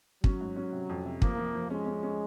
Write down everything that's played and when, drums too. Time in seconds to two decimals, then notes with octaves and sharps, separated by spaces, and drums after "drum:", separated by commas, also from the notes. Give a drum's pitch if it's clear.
0.24 F#3 C#4, drum: kick
0.41 G#2
0.56 C#4
0.72 C3
0.89 F2
1.05 C3
1.22 F3 A#3, drum: kick
1.38 F3
1.54 F3
1.70 G#3 C#4
1.86 C#4
2.03 C#4